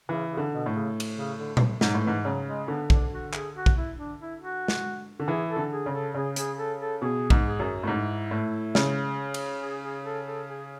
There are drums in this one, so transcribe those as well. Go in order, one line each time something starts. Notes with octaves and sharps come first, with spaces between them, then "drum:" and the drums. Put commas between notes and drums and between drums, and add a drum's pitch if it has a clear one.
C#3 E3
C#3
D3
B2
A2
C#3
drum: cymbal
C#3
D3
drum: tom A#2
G#2 F#3, drum: snare
A2
G#2 E3
C#3 F#3
G#3
D3 B3
D4, drum: kick
F#4
G#4, drum: clap
F#4
drum: kick
E4
D4
E4
F#4
drum: snare
D3
E3 G#4
A4
D3
G#4
C#3
A4
C#3 G#4
G#4, drum: hi-hat
A4
A4
B2 G#4
G#2, drum: kick
G#4
F#2
A2
G#2 E4
A2
C#3, drum: snare
drum: cymbal
G#4
G#4
A4
A4
G#4